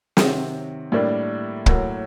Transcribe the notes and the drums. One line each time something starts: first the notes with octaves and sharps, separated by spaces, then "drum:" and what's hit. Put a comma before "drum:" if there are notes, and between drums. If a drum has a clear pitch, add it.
C3 D#3 F#3 C4, drum: snare
A2 G3 A#3 D4
A2 F#3 A#3, drum: kick